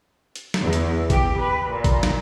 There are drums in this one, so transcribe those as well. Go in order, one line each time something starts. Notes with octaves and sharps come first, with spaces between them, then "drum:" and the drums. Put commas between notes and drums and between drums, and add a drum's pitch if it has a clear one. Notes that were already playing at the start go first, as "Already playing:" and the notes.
drum: hi-hat
drum: snare
E2
drum: hi-hat
G4, drum: kick A1, hi-hat
B4
A#2
drum: kick A1, hi-hat
drum: snare